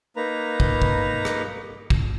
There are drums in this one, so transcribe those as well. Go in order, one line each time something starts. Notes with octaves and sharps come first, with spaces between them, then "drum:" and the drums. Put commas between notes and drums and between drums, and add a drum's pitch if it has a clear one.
A#3 D#4 B4 A#5
drum: kick
drum: kick
drum: rim click
drum: kick